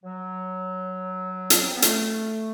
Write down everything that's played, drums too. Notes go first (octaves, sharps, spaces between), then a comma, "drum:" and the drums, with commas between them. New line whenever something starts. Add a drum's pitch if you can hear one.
F#3
drum: hi-hat
C4
B3
A3, drum: hi-hat